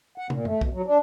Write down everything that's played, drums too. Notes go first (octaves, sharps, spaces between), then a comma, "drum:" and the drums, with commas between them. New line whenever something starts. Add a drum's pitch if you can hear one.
F#5
A#2, drum: tom
A3, drum: tom F#2
B2, drum: kick
F#3
D4